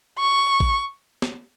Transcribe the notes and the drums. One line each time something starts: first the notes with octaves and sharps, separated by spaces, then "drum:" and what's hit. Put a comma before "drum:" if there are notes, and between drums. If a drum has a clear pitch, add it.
C#6
drum: kick A1
drum: snare